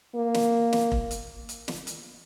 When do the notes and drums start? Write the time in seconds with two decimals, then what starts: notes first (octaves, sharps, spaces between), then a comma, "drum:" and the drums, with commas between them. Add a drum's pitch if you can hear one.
0.15 A#3
0.34 drum: snare
0.73 drum: snare
0.92 drum: kick F1
1.11 drum: hi-hat
1.49 drum: hi-hat
1.68 drum: snare
1.87 drum: hi-hat